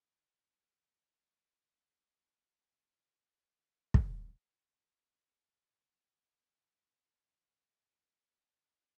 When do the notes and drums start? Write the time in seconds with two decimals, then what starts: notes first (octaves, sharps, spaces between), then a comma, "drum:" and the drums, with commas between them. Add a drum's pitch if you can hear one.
0.21 F#2 E3 C4
3.10 D#4 C5 G#5 C#6 D6
3.94 drum: kick
4.33 C#5
4.47 F2 G#3
4.60 F#3
4.77 F3 C4
4.93 F#5 C6
5.05 D3 C#4
6.08 B4
6.29 F#5
6.87 D#3
7.50 C4
7.78 A#2
8.11 D#4
8.52 A3